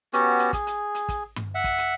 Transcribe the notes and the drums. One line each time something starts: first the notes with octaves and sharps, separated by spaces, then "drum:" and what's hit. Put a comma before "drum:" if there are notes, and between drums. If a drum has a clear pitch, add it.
B3 C#4 F#4 G4, drum: hi-hat
drum: hi-hat
G#4, drum: kick, hi-hat
drum: hi-hat
drum: hi-hat
drum: kick, hi-hat
drum: tom G2
E5 F#5
drum: kick, hi-hat
drum: hi-hat